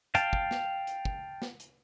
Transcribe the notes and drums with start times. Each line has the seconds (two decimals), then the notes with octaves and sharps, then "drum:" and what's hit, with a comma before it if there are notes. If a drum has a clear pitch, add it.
0.15 F5 G5 A5, drum: hi-hat
0.33 drum: kick
0.51 drum: snare
0.87 drum: hi-hat
1.05 drum: kick
1.42 drum: snare
1.60 drum: hi-hat